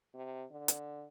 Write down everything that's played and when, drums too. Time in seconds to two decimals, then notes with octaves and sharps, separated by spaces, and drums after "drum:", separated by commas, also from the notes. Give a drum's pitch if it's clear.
0.15 C3
0.52 D3
0.68 drum: hi-hat